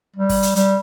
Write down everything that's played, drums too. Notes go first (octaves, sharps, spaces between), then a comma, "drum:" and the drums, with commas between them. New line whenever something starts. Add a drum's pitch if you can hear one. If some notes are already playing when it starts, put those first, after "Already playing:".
G3
drum: kick, open hi-hat
drum: hi-hat
G3, drum: hi-hat